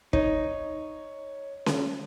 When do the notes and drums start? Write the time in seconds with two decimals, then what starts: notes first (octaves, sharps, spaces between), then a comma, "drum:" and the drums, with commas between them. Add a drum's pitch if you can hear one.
0.13 D#4 C#5, drum: kick
1.66 drum: snare C#4